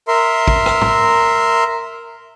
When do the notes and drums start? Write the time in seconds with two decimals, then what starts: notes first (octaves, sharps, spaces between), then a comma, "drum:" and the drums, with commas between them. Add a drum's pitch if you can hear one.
0.08 A#4 E5 C6
0.47 drum: kick
0.66 drum: rim click
0.81 drum: tom